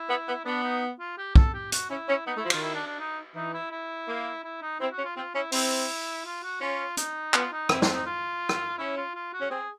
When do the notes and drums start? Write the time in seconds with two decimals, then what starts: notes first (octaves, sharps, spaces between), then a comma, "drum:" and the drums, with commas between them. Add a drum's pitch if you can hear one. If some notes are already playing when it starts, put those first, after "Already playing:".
Already playing: E4
0.09 B3
0.27 B3
0.45 B3 D4
0.63 D#4
0.99 F4
1.18 G4
1.36 A4, drum: kick
1.53 G4
1.72 F#4, drum: hi-hat
1.90 C#4 E4
2.09 C#4
2.26 B3 D#4
2.36 A3
2.39 E4
2.44 F3
2.50 D#3 F4, drum: cymbal
2.63 E4
2.75 D4
2.86 D4
2.99 D#4
3.35 E3 D#4
3.53 E4
3.71 E4
4.07 A#3
4.44 E4
4.62 D#4
4.80 C4 E4
4.92 F#4
4.97 C#4
5.04 F4
5.16 C4 F4
5.34 C#4 E4
5.52 C4 E4, drum: open hi-hat
6.25 F4
6.43 F#4
6.61 C#4 F4
6.97 D#4, drum: hi-hat
7.34 B3 F4, drum: clap
7.52 D#4
7.69 C4 E4, drum: rim click
7.82 F4, drum: snare
7.93 D#4
8.06 F4
8.49 drum: rim click
8.78 C#4 E4
8.97 F4
9.15 F4
9.33 F#4
9.39 C#4
9.50 C4 G#4